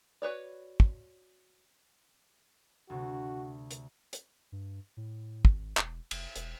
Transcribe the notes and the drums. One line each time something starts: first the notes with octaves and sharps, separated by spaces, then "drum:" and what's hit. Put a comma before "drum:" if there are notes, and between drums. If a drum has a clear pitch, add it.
F#4 B4 C#5 D5
drum: kick
D2 C3 F#4
drum: hi-hat
drum: hi-hat
G2
A2
G#1, drum: kick
E1, drum: clap
F1, drum: cymbal
E1, drum: hi-hat